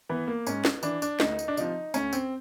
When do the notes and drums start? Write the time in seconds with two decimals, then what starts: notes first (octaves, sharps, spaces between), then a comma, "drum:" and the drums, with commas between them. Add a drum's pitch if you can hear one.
0.09 E3 B3
0.27 A#3
0.47 G#2 C#4, drum: tambourine
0.65 drum: snare
0.83 E3 D4, drum: tambourine
1.02 D4, drum: tambourine
1.20 D2 D#4, drum: snare
1.39 drum: tambourine
1.48 D4
1.57 C3 F3 D#4, drum: tambourine
1.94 D2 C#4, drum: tambourine
2.13 C4, drum: tambourine